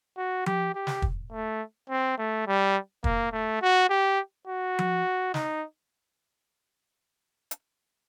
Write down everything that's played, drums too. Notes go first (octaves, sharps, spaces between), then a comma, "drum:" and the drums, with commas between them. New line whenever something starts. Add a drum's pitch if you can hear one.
F#4
G4, drum: tom F3
G4
drum: snare
drum: kick
A3
C4
A3
G3
A#3, drum: kick
A3
F#4
G4
F#4
drum: tom F3
D#4, drum: snare
drum: hi-hat